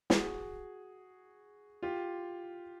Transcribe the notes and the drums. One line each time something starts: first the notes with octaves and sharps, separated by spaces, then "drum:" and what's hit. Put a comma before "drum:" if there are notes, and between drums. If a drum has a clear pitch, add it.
F#4 G#4, drum: snare
F4 G4